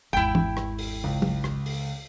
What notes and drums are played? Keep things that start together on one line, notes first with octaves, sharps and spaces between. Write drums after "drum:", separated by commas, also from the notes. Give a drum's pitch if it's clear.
G#1 E2 E4 G5
drum: tom
drum: rim click
drum: open hi-hat
C#2
drum: tom
drum: rim click
drum: open hi-hat